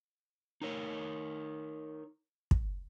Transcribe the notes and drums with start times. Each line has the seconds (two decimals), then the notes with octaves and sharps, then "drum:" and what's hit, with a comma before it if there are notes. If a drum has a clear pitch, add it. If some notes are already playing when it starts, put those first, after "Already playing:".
0.62 D#4 A#4 C#5
2.51 drum: kick